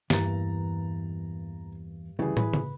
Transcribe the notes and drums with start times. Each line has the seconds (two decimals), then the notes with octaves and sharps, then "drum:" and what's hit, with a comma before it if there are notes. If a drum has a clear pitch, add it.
0.10 E2 G2 E3 A#3 A#5 A6, drum: snare
2.19 D2 C#3 E3 G3 G#4
2.37 B4, drum: tom
2.53 drum: tom C#3